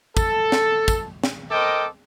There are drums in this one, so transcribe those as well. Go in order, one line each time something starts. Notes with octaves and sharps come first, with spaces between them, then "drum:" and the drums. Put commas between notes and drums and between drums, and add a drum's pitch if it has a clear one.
A4, drum: kick, tambourine
drum: snare
drum: kick, tambourine
drum: snare
A4 A#4 C5 D#5 G5 D6